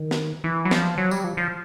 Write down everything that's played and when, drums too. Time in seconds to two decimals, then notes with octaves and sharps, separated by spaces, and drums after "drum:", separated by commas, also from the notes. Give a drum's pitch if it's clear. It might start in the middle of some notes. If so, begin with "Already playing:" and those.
Already playing: D#3
0.11 drum: snare
0.44 E3
0.65 F#3
0.71 F3, drum: snare
0.98 F#3
1.11 G3, drum: tambourine
1.24 F3
1.37 F3